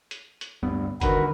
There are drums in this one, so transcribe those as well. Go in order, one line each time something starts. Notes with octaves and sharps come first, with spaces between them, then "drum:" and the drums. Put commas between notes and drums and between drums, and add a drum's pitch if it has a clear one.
drum: hi-hat
drum: hi-hat
D1 G2 B3
D#1 D3 D#3 F#4 A#4 B4, drum: kick F#1, hi-hat